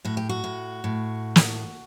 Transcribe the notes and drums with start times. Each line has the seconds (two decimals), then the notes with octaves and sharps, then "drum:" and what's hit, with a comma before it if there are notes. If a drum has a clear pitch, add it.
0.05 A2 F#4
0.17 G4
0.29 F#4
0.44 A2
0.84 A2
1.36 drum: snare